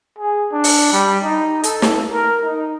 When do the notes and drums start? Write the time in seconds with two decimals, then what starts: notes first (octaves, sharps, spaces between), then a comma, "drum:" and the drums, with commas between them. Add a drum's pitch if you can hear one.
0.18 G#4
0.52 D4
0.64 drum: open hi-hat
0.92 G3
1.24 D#4
1.64 A4, drum: hi-hat
1.82 drum: snare
2.12 A#4
2.44 D#4